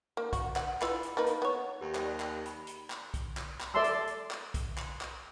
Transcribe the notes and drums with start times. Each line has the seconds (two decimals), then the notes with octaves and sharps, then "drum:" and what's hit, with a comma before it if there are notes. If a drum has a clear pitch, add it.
0.17 A#3
0.33 F#4, drum: kick, hi-hat
0.56 F#5, drum: clap
0.82 E4 F4 B4, drum: clap
1.03 drum: hi-hat
1.17 A#3 D#4 B4
1.26 drum: hi-hat
1.42 B3 C#5
1.81 D#2 G4
1.95 C5 D5 G5, drum: clap
2.20 drum: clap
2.46 B5, drum: hi-hat
2.67 drum: hi-hat
2.90 drum: clap
3.14 drum: kick, hi-hat
3.37 drum: clap
3.61 drum: clap
3.74 A4 D5 E5 A5 C6 E6
3.84 drum: hi-hat
4.07 drum: hi-hat
4.31 drum: clap
4.54 drum: kick, hi-hat
4.78 drum: clap
5.01 drum: clap